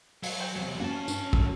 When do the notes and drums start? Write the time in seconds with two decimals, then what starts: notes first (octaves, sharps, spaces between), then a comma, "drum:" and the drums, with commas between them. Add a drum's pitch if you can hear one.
0.23 F#3, drum: open hi-hat
0.40 C5 G5 G6
0.56 E2 C3 F#3
0.80 F#2 A#3 C#4 F#4 A5
1.08 G2, drum: tambourine
1.33 E6, drum: kick